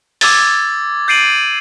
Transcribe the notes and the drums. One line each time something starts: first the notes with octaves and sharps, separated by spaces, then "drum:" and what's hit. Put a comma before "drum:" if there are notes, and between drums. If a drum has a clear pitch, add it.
D6 E6 G#6 A6, drum: open hi-hat
G6 A6 C7 D7 D#7 F#7